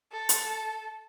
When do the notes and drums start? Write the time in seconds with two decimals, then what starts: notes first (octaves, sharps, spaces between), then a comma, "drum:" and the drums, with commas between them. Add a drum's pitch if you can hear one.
0.12 A4
0.29 drum: hi-hat